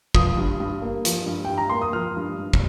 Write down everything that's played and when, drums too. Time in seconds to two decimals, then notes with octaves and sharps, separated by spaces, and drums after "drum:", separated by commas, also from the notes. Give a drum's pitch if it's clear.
0.15 F3 D#6, drum: kick
0.37 G2
0.60 G2
0.82 A#3
1.05 F3, drum: hi-hat
1.26 G2
1.45 G2 G5
1.58 A#5
1.69 A#3 C6
1.81 D#6
1.93 F3 F6
2.17 G2
2.38 G2
2.53 drum: kick